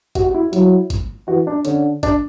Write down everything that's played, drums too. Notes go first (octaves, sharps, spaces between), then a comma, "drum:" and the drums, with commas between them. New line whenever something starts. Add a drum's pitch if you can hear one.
F#4, drum: kick, hi-hat
F#4
E4
F#4
F#3 E4, drum: hi-hat
drum: kick, hi-hat
E3 F#4
D4
D3 C#4, drum: hi-hat
D4, drum: kick, hi-hat